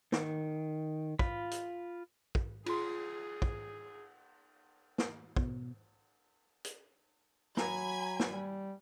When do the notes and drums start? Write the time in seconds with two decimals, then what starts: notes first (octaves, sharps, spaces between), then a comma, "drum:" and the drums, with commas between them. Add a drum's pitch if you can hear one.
0.12 D#3, drum: snare
1.19 F4 B5, drum: kick
1.51 drum: hi-hat
2.35 drum: kick
2.66 F4 G#4 C6, drum: cymbal
3.42 drum: kick
4.98 drum: snare
5.37 B2, drum: kick
6.64 drum: hi-hat
7.57 F#3 G#5 A#5 B5 G#6, drum: snare
8.20 drum: snare
8.31 G3